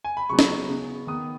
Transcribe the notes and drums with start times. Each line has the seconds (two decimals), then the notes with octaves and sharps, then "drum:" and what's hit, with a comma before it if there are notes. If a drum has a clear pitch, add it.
0.04 G#5
0.17 B5
0.29 C#3 F#3 B3 C#6
0.39 drum: snare
0.69 C#3 B3
1.07 D#3 B3 D#6